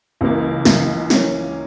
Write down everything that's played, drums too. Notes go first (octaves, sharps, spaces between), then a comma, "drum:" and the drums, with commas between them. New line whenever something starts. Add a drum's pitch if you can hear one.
C#2 C#3 E3 A#3
C#2 C#3 E3 A#3, drum: snare
E3 A#3 C#4, drum: snare